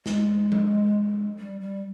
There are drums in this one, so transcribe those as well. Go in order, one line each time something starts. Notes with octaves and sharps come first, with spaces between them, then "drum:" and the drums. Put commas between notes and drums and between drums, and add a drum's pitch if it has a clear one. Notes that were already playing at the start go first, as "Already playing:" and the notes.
G#3, drum: snare
drum: tom F3
G3
G3